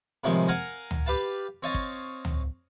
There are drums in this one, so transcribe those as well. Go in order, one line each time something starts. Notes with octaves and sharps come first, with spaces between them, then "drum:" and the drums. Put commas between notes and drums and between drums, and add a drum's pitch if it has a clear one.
A2 C3 D#3 F3 G#3
A#4 F5 F#5 G#5 A#5
drum: tom
G4 B4 F5 A5
C4 C#5 D#5 F5 A5
drum: kick
drum: tom